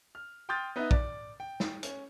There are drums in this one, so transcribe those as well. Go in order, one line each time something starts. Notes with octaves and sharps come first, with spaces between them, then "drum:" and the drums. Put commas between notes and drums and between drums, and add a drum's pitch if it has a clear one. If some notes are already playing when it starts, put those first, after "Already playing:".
F6
G5 C6 D#6 F6 G6 A6
B3 D#4 B4 E5
D5, drum: kick
G5
drum: snare
C#4, drum: hi-hat